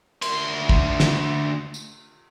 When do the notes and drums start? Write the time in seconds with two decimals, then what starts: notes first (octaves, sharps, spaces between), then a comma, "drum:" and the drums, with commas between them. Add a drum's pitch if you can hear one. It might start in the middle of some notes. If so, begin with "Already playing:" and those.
0.22 D2 C6, drum: cymbal
0.69 drum: kick
1.00 drum: snare
1.74 drum: tambourine